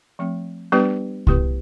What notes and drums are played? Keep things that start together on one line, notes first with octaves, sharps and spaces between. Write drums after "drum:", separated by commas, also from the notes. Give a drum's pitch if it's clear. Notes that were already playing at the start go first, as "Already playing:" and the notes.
F3 A3 C4
G3 B3 D4 G4 B4
B3 E4 G4 B4, drum: kick C2